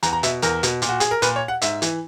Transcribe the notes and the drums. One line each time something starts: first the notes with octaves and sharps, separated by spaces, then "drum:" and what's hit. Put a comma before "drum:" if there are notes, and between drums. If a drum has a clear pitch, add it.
E2 A#5, drum: hi-hat
A#5
B2 E5, drum: hi-hat
E2 A#4, drum: hi-hat
B2, drum: hi-hat
A#2, drum: hi-hat
F#4
G#4, drum: hi-hat
A#4
A#2 B4, drum: hi-hat
C#5
F#5
G#2 E5, drum: hi-hat
E3, drum: hi-hat